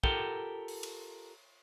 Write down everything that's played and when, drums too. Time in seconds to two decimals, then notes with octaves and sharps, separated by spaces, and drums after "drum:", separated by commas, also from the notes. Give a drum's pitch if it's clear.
0.04 F4 G4 A4 A#4 F#5 G5, drum: kick
0.68 drum: open hi-hat
0.83 drum: cymbal